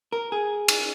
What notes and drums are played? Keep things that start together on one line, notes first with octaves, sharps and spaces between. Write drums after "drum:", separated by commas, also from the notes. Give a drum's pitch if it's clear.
A#4
G#4
drum: cymbal